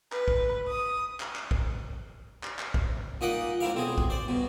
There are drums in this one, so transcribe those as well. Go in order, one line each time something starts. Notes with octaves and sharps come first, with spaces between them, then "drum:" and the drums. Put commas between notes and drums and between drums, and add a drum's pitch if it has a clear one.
B4, drum: clap
drum: kick
D#6
drum: clap
drum: clap
drum: kick
drum: clap
drum: clap
drum: kick
A#2 D#4 D#5 F#5 D6
C4 D4 E4 A#4 F5
B1 C4 G#4
drum: kick
C5 D5
G2 B2